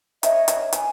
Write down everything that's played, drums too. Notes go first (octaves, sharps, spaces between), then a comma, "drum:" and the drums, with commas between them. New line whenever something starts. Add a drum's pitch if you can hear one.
C#5 D#5 E5, drum: hi-hat
drum: hi-hat
G#5, drum: hi-hat